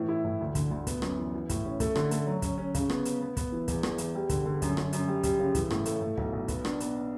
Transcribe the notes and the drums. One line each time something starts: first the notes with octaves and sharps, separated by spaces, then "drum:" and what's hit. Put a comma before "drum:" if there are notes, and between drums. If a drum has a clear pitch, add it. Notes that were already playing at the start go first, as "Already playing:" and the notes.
Already playing: A2 E3
E4
A2
D2
D3, drum: kick, hi-hat
D2
B3, drum: kick, hi-hat
F#2, drum: rim click
E3
E3
A2, drum: kick, hi-hat
C#4
A3, drum: kick, hi-hat
D3, drum: rim click
A3, drum: hi-hat
F#3
C#4, drum: kick, hi-hat
C#4
C#3, drum: kick, hi-hat
B3, drum: rim click
B3, drum: hi-hat
B3
B3, drum: kick, hi-hat
E3
E2, drum: kick, hi-hat
E2, drum: rim click
E2, drum: hi-hat
G3
D3, drum: kick, hi-hat
D3
F#2, drum: kick, hi-hat
F#2, drum: rim click
F#2, drum: hi-hat
G3
G3, drum: kick, hi-hat
C#3
E3, drum: kick, hi-hat
A2, drum: rim click
A3, drum: hi-hat
A2
B1, drum: kick
B1
B3, drum: kick, hi-hat
D4, drum: rim click
B3, drum: hi-hat